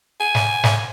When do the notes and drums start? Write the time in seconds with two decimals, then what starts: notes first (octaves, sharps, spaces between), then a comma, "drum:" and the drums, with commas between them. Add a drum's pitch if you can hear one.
0.20 G#5
0.35 drum: snare
0.63 drum: snare